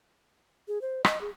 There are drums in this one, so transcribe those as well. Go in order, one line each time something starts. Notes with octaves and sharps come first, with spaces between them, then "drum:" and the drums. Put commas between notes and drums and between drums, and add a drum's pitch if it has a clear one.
G#4
C5
D#5, drum: rim click
G#4